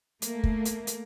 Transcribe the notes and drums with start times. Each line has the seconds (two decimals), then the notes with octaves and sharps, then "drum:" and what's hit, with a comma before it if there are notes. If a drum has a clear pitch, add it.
0.22 A3 A#3, drum: hi-hat
0.44 drum: kick
0.65 drum: hi-hat
0.87 drum: hi-hat